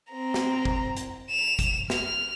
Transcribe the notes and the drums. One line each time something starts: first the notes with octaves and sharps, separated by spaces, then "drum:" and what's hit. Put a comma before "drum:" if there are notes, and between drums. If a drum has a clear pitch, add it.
C4 A#5
drum: snare
drum: kick
drum: hi-hat
E7 F7
drum: kick, hi-hat
F6 F7, drum: snare